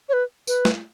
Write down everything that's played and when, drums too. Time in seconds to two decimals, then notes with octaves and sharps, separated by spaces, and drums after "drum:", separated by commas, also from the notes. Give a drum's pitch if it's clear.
0.09 C#5
0.13 B4
0.47 B4, drum: tambourine
0.65 drum: snare